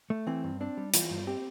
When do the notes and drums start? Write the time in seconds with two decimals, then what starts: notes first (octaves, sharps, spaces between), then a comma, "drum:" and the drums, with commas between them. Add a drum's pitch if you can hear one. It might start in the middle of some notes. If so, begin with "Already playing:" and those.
0.10 A3
0.27 E3 C4
0.44 G2
0.61 C4 D4
0.77 G3
0.94 E3 F4, drum: hi-hat
1.10 G2
1.27 C4 G4